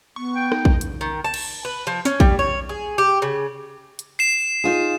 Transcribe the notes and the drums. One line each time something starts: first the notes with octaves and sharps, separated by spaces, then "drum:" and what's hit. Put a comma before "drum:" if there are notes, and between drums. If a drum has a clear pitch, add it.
B3 C#6
G5
D#4, drum: rim click
drum: kick A#1
drum: hi-hat
D#3
A5
drum: cymbal
B4
F3
C#4, drum: snare
G3, drum: kick A#1
C#5
G#4
G4
C#3
drum: hi-hat
C7 E7
D#4 F4 G#4